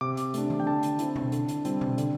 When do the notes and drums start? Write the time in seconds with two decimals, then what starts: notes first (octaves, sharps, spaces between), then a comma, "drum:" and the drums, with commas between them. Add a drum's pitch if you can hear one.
0.01 C3 D6
0.17 drum: hi-hat
0.34 A3 D4, drum: hi-hat
0.50 drum: tom D#3
0.60 G5
0.66 D3 A5
0.83 drum: hi-hat
0.99 C4 E4, drum: hi-hat
1.16 drum: tom B2
1.32 D3, drum: hi-hat
1.48 drum: hi-hat
1.65 G3 C4 E4, drum: hi-hat
1.81 drum: tom B2
1.98 D3, drum: hi-hat